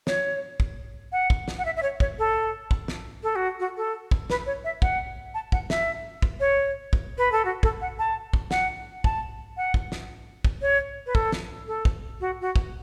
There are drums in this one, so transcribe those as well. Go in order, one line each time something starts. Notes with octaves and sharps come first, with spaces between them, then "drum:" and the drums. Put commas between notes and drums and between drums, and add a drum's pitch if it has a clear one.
C#5, drum: snare
drum: kick
F#5
drum: kick
drum: snare
F#5
E5
E5
C#5
C#5, drum: kick
A4
drum: kick
drum: snare
A4
F#4
F#4
A4
drum: kick
B4, drum: snare
C#5
E5
F#5, drum: kick
A5
F#5, drum: kick
E5, drum: snare
drum: kick
C#5
drum: kick
B4
A4
F#4
A4, drum: kick
F#5
A5
drum: kick
F#5, drum: snare
A5, drum: kick
F#5
drum: kick
drum: snare
drum: kick
C#5
B4
A4, drum: kick
drum: snare
A4
drum: kick
F#4
F#4
drum: kick